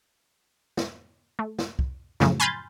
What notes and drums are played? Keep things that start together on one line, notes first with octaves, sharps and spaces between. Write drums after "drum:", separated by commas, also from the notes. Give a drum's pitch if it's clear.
drum: snare
A3
drum: snare
drum: kick
F#2 A2 C#3 F3 F#3, drum: snare
G#5 B5 C6 F6 G6 A6